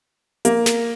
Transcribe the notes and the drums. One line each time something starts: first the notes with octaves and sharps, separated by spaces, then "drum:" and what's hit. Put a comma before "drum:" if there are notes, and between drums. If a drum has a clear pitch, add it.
A#3, drum: hi-hat
drum: snare